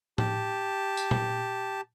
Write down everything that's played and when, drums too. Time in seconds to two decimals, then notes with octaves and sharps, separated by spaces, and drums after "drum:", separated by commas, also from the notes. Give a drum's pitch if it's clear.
0.18 G4 A5, drum: tom A2
0.97 drum: tambourine
1.11 drum: tom A#2